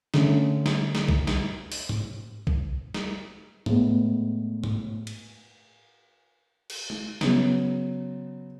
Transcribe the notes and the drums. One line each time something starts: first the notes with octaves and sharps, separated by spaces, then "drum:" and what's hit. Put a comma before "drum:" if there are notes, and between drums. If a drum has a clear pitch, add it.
D3 A3 C#4, drum: snare
drum: snare
drum: snare
drum: kick B1
drum: snare
drum: open hi-hat
drum: tom G#2
drum: kick B1
drum: snare
A2 G#3 B3, drum: tom G#2
drum: tom G#2
drum: cymbal
drum: cymbal
drum: tom
C#3 F#3 B3, drum: snare